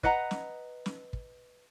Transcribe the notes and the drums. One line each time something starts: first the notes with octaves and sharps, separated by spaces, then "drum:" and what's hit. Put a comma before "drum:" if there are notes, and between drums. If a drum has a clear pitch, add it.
B4 D#5 F#5 A#5, drum: kick
drum: snare
drum: snare
drum: kick